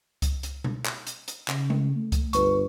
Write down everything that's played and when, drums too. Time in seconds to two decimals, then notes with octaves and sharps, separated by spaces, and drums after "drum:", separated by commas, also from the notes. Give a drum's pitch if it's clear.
0.22 drum: kick C#2, hi-hat
0.43 drum: hi-hat
0.64 drum: tom B2
0.86 drum: clap
1.07 drum: hi-hat
1.28 drum: hi-hat
1.48 C#3, drum: clap
1.70 drum: tom G#3
1.95 A3
2.12 drum: kick C#2, hi-hat
2.33 G1 B4 C#6, drum: hi-hat